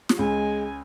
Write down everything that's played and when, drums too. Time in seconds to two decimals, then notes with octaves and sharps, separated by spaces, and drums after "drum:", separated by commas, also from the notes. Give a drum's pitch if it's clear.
0.09 drum: snare
0.19 C#2 G#3 G#5